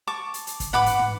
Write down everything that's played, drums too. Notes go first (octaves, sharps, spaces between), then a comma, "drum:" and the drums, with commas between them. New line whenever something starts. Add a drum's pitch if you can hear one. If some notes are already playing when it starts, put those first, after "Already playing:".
A5 C#6 D6
drum: hi-hat
drum: hi-hat
drum: kick, hi-hat
B4 F#5 B5 D6, drum: tom
drum: hi-hat
drum: tom